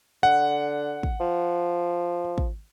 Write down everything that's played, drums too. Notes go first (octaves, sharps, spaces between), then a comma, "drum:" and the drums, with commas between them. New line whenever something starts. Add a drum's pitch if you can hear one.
D3 F#5
drum: kick
F3
drum: kick